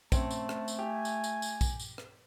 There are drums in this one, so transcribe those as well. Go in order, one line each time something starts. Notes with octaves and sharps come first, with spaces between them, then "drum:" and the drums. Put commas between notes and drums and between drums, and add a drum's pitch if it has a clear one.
A3 C4 C#4 A5, drum: kick, tambourine
drum: tambourine
drum: rim click
drum: tambourine
G4 G#5
drum: tambourine
drum: tambourine
drum: tambourine
drum: kick, tambourine
drum: tambourine
drum: rim click